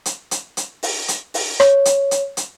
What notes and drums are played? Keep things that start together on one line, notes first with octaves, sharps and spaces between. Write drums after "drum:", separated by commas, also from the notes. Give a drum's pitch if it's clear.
drum: hi-hat
drum: hi-hat
drum: hi-hat
drum: open hi-hat
drum: hi-hat
drum: open hi-hat
C#5, drum: rim click
drum: hi-hat
drum: hi-hat
drum: hi-hat